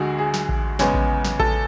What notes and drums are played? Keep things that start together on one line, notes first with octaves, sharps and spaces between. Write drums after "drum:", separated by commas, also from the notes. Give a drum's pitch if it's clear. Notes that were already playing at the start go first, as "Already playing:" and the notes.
Already playing: D2 D3 G#3 F#4 G#4
G#4
drum: snare
drum: kick A1
E2 C#3 G#3 B3 C#5, drum: snare
drum: kick A1
drum: snare
A4, drum: kick A1